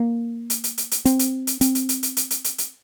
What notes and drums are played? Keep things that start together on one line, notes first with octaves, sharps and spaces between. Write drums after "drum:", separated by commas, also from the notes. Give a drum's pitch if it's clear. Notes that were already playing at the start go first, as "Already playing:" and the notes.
Already playing: A#3
drum: hi-hat
drum: hi-hat
drum: hi-hat
drum: hi-hat
C4, drum: hi-hat
drum: hi-hat
drum: hi-hat
C4, drum: hi-hat
drum: hi-hat
drum: hi-hat
drum: hi-hat
drum: hi-hat
drum: hi-hat
drum: hi-hat
drum: hi-hat